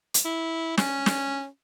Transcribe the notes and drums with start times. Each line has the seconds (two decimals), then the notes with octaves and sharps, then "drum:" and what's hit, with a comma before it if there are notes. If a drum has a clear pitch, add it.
0.14 drum: hi-hat
0.25 E4
0.78 C#4, drum: snare
1.06 drum: snare